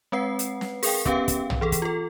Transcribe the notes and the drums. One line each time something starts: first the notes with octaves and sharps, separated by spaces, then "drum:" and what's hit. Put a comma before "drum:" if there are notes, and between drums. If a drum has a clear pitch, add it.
G#3 C4 B4 F#5 C7
drum: hi-hat
drum: snare
G#4 A#4 F5 G5, drum: open hi-hat
B3 C#4 G4 B4 F5 G5, drum: kick
drum: kick, hi-hat
drum: tom
E3 G#4 A4
drum: kick, hi-hat
F4 A4